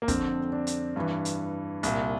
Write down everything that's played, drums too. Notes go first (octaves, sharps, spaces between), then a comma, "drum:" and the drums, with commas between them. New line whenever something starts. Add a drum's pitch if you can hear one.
A#3
F2 D3 C4, drum: kick, hi-hat
D4
drum: hi-hat
G2 E3
drum: hi-hat
C2 A#2, drum: hi-hat